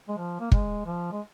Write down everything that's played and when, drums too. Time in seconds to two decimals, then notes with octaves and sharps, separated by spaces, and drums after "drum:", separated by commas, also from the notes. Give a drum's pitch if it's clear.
0.08 G#3
0.17 F3
0.40 A#3
0.52 G#3, drum: kick
0.86 F3
1.12 G#3